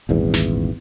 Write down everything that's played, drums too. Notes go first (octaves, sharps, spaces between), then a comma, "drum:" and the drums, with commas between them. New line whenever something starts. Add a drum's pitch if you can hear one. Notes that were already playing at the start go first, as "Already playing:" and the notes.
D#1 G#1 E2
drum: snare